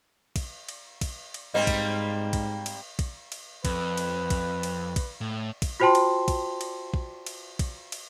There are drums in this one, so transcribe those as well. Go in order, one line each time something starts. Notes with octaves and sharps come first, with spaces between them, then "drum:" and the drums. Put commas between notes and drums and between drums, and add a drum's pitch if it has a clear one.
drum: kick, cymbal
drum: cymbal
drum: kick, cymbal
drum: cymbal
G#2 G3 A#3 C4 D#5
drum: kick, cymbal
drum: kick, cymbal
drum: cymbal
drum: kick, cymbal
drum: cymbal
F2 B4, drum: kick, cymbal
drum: cymbal
drum: kick, cymbal
drum: cymbal
drum: kick, cymbal
A2
drum: kick, cymbal
F4 F#4 C5 G5 A5 C6
drum: cymbal
drum: kick, cymbal
drum: cymbal
drum: kick
drum: cymbal
drum: kick, cymbal
drum: cymbal